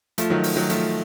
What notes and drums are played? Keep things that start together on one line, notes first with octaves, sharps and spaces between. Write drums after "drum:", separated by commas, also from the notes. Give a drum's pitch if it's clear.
F3 A3, drum: hi-hat
D#3 F#3
drum: open hi-hat
D#3 F#3
F3 A3, drum: hi-hat